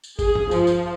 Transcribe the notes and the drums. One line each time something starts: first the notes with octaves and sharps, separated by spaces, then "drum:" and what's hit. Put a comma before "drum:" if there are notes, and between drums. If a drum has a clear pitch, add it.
drum: tambourine
G#4, drum: kick G1, tambourine
drum: tom G2
F3, drum: tambourine
drum: tambourine